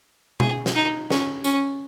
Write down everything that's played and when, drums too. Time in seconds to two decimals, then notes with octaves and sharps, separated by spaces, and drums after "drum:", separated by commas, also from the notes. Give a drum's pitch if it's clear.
0.40 G#4, drum: tom B2
0.66 drum: snare
0.76 D#4
1.10 C#4, drum: snare
1.44 C#4, drum: tambourine